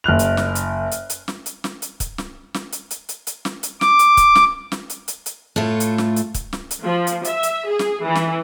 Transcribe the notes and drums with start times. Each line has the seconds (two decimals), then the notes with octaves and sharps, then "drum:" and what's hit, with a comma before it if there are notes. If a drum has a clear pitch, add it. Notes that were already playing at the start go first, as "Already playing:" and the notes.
0.04 F#1 F6 F#6 F7
0.19 drum: hi-hat
0.37 drum: snare
0.55 drum: hi-hat
0.92 drum: hi-hat
1.10 drum: hi-hat
1.28 drum: snare
1.46 drum: hi-hat
1.64 drum: snare
1.82 drum: hi-hat
2.00 drum: kick, hi-hat
2.18 drum: snare
2.54 drum: snare
2.73 drum: hi-hat
2.91 drum: hi-hat
3.09 drum: hi-hat
3.27 drum: hi-hat
3.45 drum: snare
3.63 drum: hi-hat
3.81 D6, drum: snare
3.99 drum: hi-hat
4.17 drum: kick, hi-hat
4.35 drum: snare
4.72 drum: snare
4.90 drum: hi-hat
5.08 drum: hi-hat
5.26 drum: hi-hat
5.56 A2 A3 F4
5.80 drum: hi-hat
5.98 drum: snare
6.16 drum: hi-hat
6.34 drum: kick, hi-hat
6.53 drum: snare
6.71 drum: hi-hat
6.83 F3
7.07 drum: hi-hat
7.25 E5, drum: hi-hat
7.43 drum: hi-hat
7.69 G#4
7.79 drum: snare
8.05 E3
8.15 drum: snare